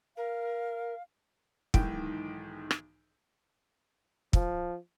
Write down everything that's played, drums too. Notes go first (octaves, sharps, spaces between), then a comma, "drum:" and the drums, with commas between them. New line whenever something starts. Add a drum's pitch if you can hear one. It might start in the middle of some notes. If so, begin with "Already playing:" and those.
A#4 F5
B1 G#2 D#3 E3 G5 D7, drum: kick
drum: rim click
F3, drum: kick